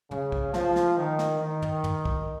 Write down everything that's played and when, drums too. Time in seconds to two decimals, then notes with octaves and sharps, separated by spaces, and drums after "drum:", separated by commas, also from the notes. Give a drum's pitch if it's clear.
0.11 C#3, drum: tom
0.32 drum: kick
0.54 F3, drum: snare
0.76 drum: snare
0.98 D#3
1.19 drum: snare
1.40 D#3
1.62 drum: tom
1.84 drum: tom
2.05 drum: kick